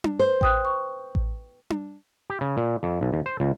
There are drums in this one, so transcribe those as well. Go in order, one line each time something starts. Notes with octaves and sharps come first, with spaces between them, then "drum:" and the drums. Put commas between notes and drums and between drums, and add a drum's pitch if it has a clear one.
drum: tom D4
B4 C5
G5 D#6 F#6, drum: kick A1
C#6
drum: kick A1
drum: tom D4
G4
C#3
A#2
F2
B1
D#2
C5
C#2